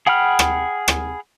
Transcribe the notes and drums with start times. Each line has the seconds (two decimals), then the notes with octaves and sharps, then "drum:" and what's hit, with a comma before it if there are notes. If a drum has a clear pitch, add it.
0.07 G#4 F#5 G5 B5 F6
0.39 drum: rim click
0.88 drum: rim click